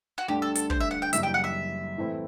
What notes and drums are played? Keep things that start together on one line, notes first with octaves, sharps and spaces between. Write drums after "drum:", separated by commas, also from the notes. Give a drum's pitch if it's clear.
F#4
D2 D3 G3 D4 G4
A4
A4, drum: hi-hat
C5, drum: kick
E5
F#5
G5
F#1 F#2 E3 G3 E5, drum: hi-hat
G5
F#5
E5
A2 E3 A3 C4 E4